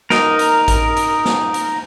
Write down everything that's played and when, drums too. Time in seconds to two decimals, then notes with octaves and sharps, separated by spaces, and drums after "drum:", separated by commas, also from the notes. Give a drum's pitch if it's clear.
0.10 D#4 A#4, drum: snare
0.39 drum: hi-hat
0.68 drum: kick A1, hi-hat
0.97 drum: hi-hat
1.25 drum: snare
1.54 drum: hi-hat